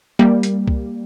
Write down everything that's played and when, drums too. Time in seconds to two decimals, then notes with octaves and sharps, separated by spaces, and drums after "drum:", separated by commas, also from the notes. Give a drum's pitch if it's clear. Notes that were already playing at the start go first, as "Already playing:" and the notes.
0.19 G3 A#3
0.43 drum: hi-hat
0.68 drum: kick C2